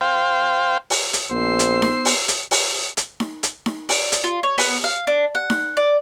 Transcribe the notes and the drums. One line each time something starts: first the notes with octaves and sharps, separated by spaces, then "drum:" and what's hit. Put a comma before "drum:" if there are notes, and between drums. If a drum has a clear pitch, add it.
C5 F5 G5
drum: open hi-hat
drum: hi-hat
A#1 B3 C5 E6 C7
drum: hi-hat
drum: snare D#4
drum: open hi-hat
drum: hi-hat
drum: open hi-hat
drum: hi-hat
drum: snare D#4
drum: hi-hat
drum: snare D#4
D5, drum: open hi-hat
drum: hi-hat
F4
C#5
B3, drum: open hi-hat
F5
D4
F#5
drum: snare D#4
D5